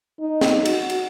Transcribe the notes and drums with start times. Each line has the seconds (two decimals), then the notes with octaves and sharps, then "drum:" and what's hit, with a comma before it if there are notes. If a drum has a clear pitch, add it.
0.21 D#4
0.41 drum: snare
0.65 F#4, drum: cymbal
0.90 drum: cymbal